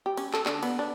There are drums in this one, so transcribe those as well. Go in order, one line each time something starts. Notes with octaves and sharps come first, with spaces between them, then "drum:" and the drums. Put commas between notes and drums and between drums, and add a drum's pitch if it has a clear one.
G4
C#4, drum: cymbal
A4, drum: clap
D3, drum: clap
B3, drum: cymbal
D4